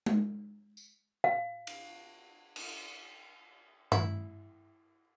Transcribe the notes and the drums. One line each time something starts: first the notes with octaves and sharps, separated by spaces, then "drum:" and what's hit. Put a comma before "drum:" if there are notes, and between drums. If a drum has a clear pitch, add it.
drum: tom G#3
drum: tambourine
F5
drum: cymbal
drum: cymbal
E4, drum: tom G2